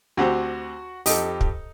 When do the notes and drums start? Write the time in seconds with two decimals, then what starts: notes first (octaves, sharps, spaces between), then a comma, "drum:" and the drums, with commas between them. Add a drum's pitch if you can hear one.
0.17 D2 C4 F#4 G4 F#5
1.06 F2 D#4 G4 A4, drum: open hi-hat
1.41 drum: kick